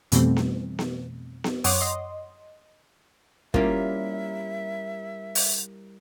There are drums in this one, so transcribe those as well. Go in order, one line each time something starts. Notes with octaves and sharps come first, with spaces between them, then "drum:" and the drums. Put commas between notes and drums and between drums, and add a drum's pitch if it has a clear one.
F2 B2 E3 G3 A3 C4, drum: hi-hat
drum: snare B3
drum: snare B3
drum: snare B3
F#2 C#5 F#5 C6 D6 D#6, drum: open hi-hat
D#5 C6
G3 A#3 C#4 E4 F4 A#4 E5, drum: kick
drum: open hi-hat